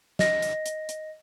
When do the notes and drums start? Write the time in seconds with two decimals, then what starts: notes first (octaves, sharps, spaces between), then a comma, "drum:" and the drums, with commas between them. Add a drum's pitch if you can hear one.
0.19 D#5 A#6, drum: snare
0.42 drum: hi-hat
0.66 drum: hi-hat
0.89 drum: hi-hat